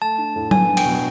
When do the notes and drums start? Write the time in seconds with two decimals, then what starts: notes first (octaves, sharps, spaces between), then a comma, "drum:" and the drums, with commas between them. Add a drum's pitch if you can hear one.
0.01 A3 A5
0.18 D4
0.36 A2
0.51 B3 G#5, drum: tom F#3
0.68 D4
0.77 G5, drum: cymbal
0.86 B2